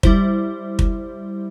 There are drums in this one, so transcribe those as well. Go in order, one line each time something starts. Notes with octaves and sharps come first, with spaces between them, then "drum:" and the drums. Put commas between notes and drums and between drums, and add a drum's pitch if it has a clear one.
G3 E4 C5, drum: kick
drum: kick